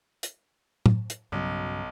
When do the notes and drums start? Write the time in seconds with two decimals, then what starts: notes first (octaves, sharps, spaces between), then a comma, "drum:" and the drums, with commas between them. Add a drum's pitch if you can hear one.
0.23 drum: hi-hat
0.86 drum: tom
1.10 drum: hi-hat
1.32 B1 G2 C#3 F#3